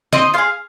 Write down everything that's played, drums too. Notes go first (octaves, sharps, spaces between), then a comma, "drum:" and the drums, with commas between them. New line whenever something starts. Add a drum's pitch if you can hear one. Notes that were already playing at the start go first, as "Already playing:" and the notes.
C4 D#5, drum: snare
F4 G#4 F5